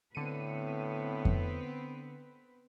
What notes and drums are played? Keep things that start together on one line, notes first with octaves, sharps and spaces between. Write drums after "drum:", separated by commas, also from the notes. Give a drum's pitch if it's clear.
A2 D3 B3 C4 B4 C#7 D#7
drum: kick F2